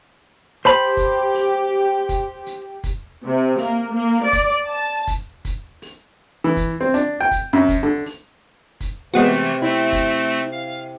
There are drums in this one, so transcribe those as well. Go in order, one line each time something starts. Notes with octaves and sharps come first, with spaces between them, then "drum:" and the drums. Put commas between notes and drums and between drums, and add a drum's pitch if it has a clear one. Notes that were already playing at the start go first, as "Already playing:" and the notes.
G4 C5 A5 B5
drum: kick, hi-hat
drum: open hi-hat
drum: kick, hi-hat
drum: hi-hat
drum: kick, hi-hat
C3
A#3, drum: open hi-hat
A#3
D5
drum: kick, hi-hat
A5
drum: kick, hi-hat
drum: kick, hi-hat
drum: open hi-hat
E3
drum: kick, hi-hat
C4
D4, drum: hi-hat
G5
drum: kick, hi-hat
F#2
drum: kick, hi-hat
D3
drum: open hi-hat
drum: kick, hi-hat
C3 E3 G#3 A3 B3 F#4
A3 C4 E4
drum: kick, hi-hat
F5